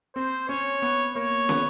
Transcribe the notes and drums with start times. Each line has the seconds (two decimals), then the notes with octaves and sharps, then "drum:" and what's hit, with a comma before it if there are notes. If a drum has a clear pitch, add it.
0.16 C4 C5
0.49 C#4 C#5
0.82 B3
1.15 A#3 C#5
1.49 B3, drum: snare